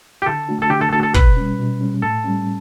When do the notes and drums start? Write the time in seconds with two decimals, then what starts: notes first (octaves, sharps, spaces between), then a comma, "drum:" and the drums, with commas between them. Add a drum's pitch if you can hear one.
0.22 G4
0.26 D3 A4
0.48 A3 D4 F#4
0.62 A4
0.70 D3 G4
0.81 A4
0.92 A3 D4 F#4 A4
1.03 A4
1.14 B2 B4, drum: kick
1.37 G3 C#4
1.59 B2
1.81 G3 C#4
2.02 A2 A4
2.24 G3 C#4